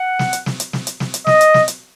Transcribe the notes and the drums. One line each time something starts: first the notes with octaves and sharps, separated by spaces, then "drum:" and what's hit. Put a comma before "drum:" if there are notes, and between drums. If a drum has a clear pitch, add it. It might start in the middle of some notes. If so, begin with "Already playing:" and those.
Already playing: F#5
drum: snare
drum: hi-hat
drum: snare
drum: hi-hat
drum: snare
drum: hi-hat
drum: snare
drum: hi-hat
D#5, drum: snare
drum: hi-hat
drum: snare
drum: hi-hat